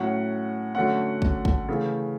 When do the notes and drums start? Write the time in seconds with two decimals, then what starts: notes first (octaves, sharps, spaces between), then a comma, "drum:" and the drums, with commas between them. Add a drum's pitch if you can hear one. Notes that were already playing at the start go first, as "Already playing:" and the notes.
Already playing: A2 F#3 C#4 F#5
0.75 D3 F#3 A3 C#4 F#5
1.22 drum: kick
1.45 drum: kick
1.69 C#3 E3 A3